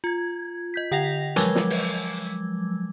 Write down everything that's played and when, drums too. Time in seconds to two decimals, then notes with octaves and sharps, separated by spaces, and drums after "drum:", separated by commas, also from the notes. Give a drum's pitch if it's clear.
0.04 F4 G#6
0.74 D#5 G6 B6
0.92 D3 F#5 G5 A#6 F7
1.36 F3 F#3 G#3 D6 E6 G#6, drum: hi-hat
1.55 drum: snare
1.70 drum: open hi-hat